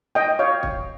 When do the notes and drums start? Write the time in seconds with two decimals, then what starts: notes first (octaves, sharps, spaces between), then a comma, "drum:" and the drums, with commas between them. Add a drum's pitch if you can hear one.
0.15 D#5 G5
0.39 C#5 F5
0.63 drum: kick